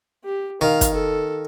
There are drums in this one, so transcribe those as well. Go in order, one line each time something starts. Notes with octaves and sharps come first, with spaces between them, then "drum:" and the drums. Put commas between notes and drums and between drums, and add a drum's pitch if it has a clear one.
G4
D#3 F5
drum: kick, hi-hat
A4